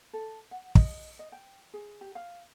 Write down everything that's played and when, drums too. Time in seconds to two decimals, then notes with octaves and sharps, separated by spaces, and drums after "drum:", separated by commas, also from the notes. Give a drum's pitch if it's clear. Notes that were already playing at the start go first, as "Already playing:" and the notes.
0.13 A4
0.51 F#5
0.75 D#5, drum: kick
1.19 D#5
1.32 G5
1.74 G#4
2.01 G4
2.15 F5